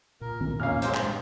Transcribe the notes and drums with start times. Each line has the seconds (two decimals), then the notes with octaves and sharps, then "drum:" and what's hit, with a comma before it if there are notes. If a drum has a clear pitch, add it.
0.21 A#2 A#4
0.41 A2, drum: tom D#3
0.60 E2 A#2 D#3 A#3 C#4 F5 F6
0.82 F#3 G#3 C5, drum: hi-hat
0.94 G2 A#2 G#3, drum: clap